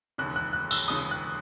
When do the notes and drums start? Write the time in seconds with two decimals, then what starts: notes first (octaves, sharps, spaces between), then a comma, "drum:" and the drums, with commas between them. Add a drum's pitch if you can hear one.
0.18 E1 D#2 C#3 F#6
0.36 F#6
0.53 F#6
0.71 E6, drum: tambourine
0.88 E1 D#2 C#3 D#6
1.11 F#6